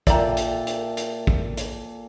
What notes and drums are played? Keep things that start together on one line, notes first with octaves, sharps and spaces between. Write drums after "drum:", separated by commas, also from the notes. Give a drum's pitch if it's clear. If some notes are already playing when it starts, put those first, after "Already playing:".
A#2 A4 D5 E5 G5 A5 A#5, drum: kick, hi-hat
drum: hi-hat
drum: hi-hat
drum: hi-hat
drum: kick
drum: hi-hat